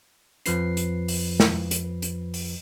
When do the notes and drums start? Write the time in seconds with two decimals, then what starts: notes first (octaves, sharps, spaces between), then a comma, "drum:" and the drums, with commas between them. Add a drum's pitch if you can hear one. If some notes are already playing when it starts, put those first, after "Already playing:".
0.46 F2 F3 B4 C7, drum: hi-hat
0.77 drum: hi-hat
1.08 drum: open hi-hat
1.40 drum: snare
1.71 drum: hi-hat
2.02 drum: hi-hat
2.34 drum: open hi-hat